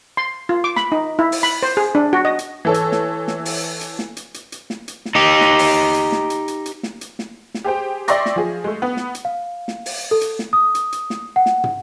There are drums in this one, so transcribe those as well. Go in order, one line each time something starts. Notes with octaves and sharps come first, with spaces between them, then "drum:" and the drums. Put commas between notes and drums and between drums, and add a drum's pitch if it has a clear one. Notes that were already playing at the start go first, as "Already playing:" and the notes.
C6
F4
D6
B5, drum: snare
D#4
E4
drum: open hi-hat
B5
C5
G#4
D4
F#4
D#5
drum: hi-hat
E3 A4 C#5
drum: hi-hat
drum: snare
drum: snare
drum: open hi-hat
drum: hi-hat
drum: snare
drum: hi-hat
drum: hi-hat
drum: hi-hat
drum: snare
drum: hi-hat
drum: snare
D#4 G4
drum: snare
drum: open hi-hat
drum: hi-hat
drum: snare
drum: hi-hat
drum: hi-hat
drum: hi-hat
drum: snare
drum: hi-hat
drum: snare
drum: snare
G4 G#4 C5 G5
D5 E5 G5 C6 C#6 A#6, drum: hi-hat
drum: snare
F3 G#4
G#3 A3
B3
drum: snare
drum: hi-hat
F5
drum: snare
drum: open hi-hat
A4
drum: hi-hat
drum: snare
D#6
drum: hi-hat
drum: hi-hat
drum: snare
F#5
drum: snare
drum: tom